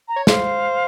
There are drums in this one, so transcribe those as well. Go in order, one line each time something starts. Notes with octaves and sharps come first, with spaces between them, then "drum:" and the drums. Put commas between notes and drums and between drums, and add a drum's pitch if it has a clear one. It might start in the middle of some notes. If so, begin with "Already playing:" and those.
A#5
C#5
C5 F5, drum: snare